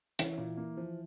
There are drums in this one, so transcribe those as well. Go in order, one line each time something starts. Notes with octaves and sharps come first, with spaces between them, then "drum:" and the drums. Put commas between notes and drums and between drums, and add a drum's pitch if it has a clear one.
E3 C#4, drum: hi-hat
A#2
A#3
F3